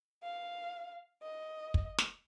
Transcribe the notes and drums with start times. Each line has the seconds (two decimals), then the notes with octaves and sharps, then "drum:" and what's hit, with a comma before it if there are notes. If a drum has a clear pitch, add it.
0.23 F5
1.22 D#5
1.74 drum: kick
1.98 drum: snare